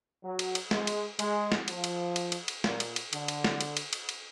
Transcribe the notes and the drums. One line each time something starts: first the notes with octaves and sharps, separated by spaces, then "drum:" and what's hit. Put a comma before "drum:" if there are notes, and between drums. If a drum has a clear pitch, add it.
F#3
drum: cymbal
drum: cymbal
G#3, drum: snare
drum: cymbal
G#3, drum: cymbal
drum: snare
F3, drum: cymbal
drum: cymbal
drum: cymbal
drum: cymbal
drum: cymbal
A#2, drum: snare
drum: cymbal
drum: cymbal
D3, drum: cymbal
drum: cymbal
drum: snare
drum: cymbal
drum: cymbal
drum: cymbal
drum: cymbal